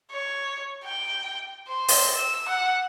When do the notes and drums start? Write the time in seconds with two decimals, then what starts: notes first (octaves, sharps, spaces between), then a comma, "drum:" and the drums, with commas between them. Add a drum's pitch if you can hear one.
0.11 C#5
0.84 G5
1.68 C5
1.88 drum: open hi-hat
2.15 E6
2.48 F#5